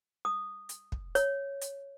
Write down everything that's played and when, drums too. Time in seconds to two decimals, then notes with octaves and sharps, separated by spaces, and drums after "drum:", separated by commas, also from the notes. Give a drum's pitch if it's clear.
0.25 D#6
0.69 drum: hi-hat
0.92 drum: kick
1.15 C#5, drum: hi-hat
1.61 drum: hi-hat